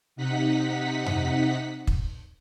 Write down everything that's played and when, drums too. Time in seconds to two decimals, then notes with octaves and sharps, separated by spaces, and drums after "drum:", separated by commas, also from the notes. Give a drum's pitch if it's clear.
0.16 C3 D#4 F#5 B6
1.06 drum: tom F2
1.87 drum: kick